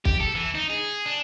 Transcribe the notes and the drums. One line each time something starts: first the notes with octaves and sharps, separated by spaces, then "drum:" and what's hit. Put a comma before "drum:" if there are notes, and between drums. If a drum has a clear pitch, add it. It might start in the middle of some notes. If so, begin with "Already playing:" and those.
G4, drum: kick
A4
E3
D#4
G#4
D4